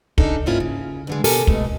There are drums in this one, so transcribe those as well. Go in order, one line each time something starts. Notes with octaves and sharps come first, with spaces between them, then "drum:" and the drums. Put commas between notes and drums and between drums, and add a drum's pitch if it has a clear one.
C#3 D4 D#4 A4, drum: kick
G#2 A#3 C#4 E4 F4
C#3
G2 D3 G#3
B2 G4 A4 A#4 G#5, drum: open hi-hat
B2 G#3 A3, drum: kick